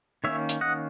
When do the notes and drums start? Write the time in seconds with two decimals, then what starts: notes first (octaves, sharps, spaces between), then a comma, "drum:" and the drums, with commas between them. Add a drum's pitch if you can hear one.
0.24 D#3 A#3 C#4 C#5 E5
0.49 drum: hi-hat
0.61 D#5 F#5